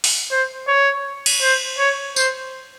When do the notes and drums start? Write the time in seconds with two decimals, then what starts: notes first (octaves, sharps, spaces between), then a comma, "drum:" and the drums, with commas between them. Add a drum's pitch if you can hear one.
0.04 drum: open hi-hat
0.31 C5
0.67 C#5
1.26 drum: cymbal
1.41 C5
1.78 C#5
2.16 C5, drum: tambourine